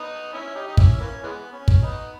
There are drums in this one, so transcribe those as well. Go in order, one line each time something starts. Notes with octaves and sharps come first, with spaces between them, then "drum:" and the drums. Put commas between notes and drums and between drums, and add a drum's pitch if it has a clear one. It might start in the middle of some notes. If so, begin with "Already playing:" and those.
Already playing: B3 D#4
C#4 E4
D#4 G4
D#4
C#4 E4, drum: kick
E3 A#3 C#4
E3 G#3 B3
C#4
drum: kick
B3 D#4